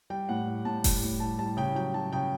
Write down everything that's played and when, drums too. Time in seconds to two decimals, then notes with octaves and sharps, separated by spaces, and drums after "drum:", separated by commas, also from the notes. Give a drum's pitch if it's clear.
0.10 G3 G5
0.29 A2 F#5
0.47 G3
0.65 A2 A5
0.84 G3, drum: kick F1, open hi-hat
1.03 A2
1.20 G3 A5
1.38 G3 A5
1.57 C#3 G5
1.75 F#3 G5
1.94 F#3 A5
2.13 C#3 G5